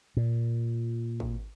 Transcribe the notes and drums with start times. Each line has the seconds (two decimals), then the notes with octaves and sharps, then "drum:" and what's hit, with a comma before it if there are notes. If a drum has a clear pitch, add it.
0.17 A#2
1.20 drum: kick G#1